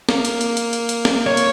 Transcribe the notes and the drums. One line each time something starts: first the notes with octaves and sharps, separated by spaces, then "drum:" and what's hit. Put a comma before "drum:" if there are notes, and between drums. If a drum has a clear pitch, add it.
A#3, drum: snare
drum: hi-hat
drum: hi-hat
drum: hi-hat
drum: hi-hat
drum: hi-hat
drum: snare
C#5
drum: hi-hat